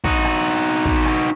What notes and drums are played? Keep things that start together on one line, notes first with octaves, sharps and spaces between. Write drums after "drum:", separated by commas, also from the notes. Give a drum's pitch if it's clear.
D#4 F#4, drum: kick
drum: rim click
drum: kick
drum: rim click